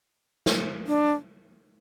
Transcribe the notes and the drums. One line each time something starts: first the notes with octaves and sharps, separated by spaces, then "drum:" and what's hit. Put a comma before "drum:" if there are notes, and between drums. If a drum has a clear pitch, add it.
drum: snare
D4